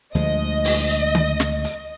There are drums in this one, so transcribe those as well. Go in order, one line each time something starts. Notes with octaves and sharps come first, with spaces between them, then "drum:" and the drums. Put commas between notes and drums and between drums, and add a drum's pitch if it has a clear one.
D2 F3 G#3 D#5
drum: open hi-hat
drum: tom D3
drum: snare
drum: hi-hat